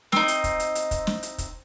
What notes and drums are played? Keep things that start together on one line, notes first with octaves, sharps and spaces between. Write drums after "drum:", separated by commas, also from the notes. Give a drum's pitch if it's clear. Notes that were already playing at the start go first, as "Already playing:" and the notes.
C4 D#4, drum: snare
drum: hi-hat
drum: kick, hi-hat
drum: hi-hat
drum: hi-hat
drum: kick, hi-hat
drum: snare
drum: hi-hat
drum: kick, hi-hat